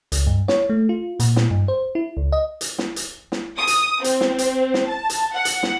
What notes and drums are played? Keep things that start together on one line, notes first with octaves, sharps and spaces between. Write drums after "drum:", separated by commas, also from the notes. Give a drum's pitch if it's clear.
C#2, drum: hi-hat
G2
C#5, drum: snare
A3
F4
A#2, drum: hi-hat
drum: snare
G2
C5
E4
C#2
D#5
drum: hi-hat
drum: snare
drum: hi-hat
drum: snare
D#6
drum: hi-hat
C4, drum: hi-hat
drum: snare
drum: hi-hat
drum: snare
A5
drum: hi-hat
F#5
drum: hi-hat
drum: snare